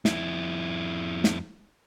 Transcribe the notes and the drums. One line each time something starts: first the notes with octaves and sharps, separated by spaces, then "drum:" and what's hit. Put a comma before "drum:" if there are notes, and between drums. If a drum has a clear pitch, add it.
F2 E4, drum: snare
drum: snare